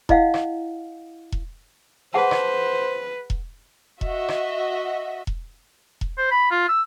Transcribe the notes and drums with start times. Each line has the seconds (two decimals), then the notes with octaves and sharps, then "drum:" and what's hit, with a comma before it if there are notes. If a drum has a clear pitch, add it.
0.09 E4 D#5 F5 F#5, drum: kick E1
0.34 drum: rim click
1.32 drum: kick E1
2.14 G#4 B4 C5 F#5 A5
2.31 drum: rim click
3.30 drum: kick E1
4.01 F#4 D#5 E5, drum: kick E1
4.28 drum: rim click
5.27 drum: kick E1
6.01 drum: kick E1
6.18 C5
6.31 B5
6.51 F4
6.69 E6